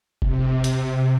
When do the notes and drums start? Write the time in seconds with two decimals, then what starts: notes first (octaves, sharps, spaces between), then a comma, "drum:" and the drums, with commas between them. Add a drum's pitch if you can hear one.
0.22 C3, drum: kick F1
0.64 drum: hi-hat